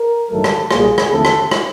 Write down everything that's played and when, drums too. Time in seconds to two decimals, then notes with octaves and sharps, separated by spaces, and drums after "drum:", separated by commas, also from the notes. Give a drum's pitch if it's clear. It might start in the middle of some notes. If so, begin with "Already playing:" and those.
Already playing: A#4
0.30 A1 G2 D#3 F#3 A3 A4
0.44 drum: rim click
0.71 B1 A#2 G3 A#3 G#4, drum: rim click
0.98 drum: rim click
1.11 D#2 D3 F3 A3 C4 A4
1.25 drum: rim click
1.51 drum: rim click